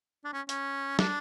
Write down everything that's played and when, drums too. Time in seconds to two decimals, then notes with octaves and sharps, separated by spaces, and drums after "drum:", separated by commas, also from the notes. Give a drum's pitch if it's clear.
0.25 D4
0.33 C#4
0.49 C#4, drum: hi-hat
0.99 D4, drum: snare